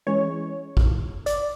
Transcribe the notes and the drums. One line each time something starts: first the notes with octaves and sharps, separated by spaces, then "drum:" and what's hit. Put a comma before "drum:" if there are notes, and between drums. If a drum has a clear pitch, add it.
E3 G#3 C#4 C#5
drum: kick
D5, drum: hi-hat